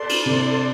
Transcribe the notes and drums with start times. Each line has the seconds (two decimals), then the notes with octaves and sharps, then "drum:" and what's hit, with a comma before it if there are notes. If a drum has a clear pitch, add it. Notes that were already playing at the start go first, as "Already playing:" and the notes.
Already playing: A4 D5 C6
0.09 drum: cymbal
0.26 C3